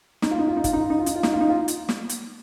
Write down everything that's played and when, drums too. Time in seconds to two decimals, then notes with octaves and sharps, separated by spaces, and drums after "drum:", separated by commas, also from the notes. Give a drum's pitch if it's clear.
0.22 D#4, drum: snare
0.31 F4
0.39 D#4
0.48 F4
0.57 D#4
0.64 F4, drum: kick, hi-hat
0.73 D#4
0.81 F4
0.90 D#4
0.99 F4
1.06 D#4, drum: hi-hat
1.15 F4
1.23 D#4, drum: snare
1.33 F4
1.41 D#4
1.49 F4
1.68 drum: hi-hat
1.89 drum: snare
2.09 drum: hi-hat